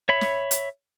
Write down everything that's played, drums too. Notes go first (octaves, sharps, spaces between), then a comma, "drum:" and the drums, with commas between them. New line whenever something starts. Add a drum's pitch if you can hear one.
C#5 E5 B5
drum: snare
drum: hi-hat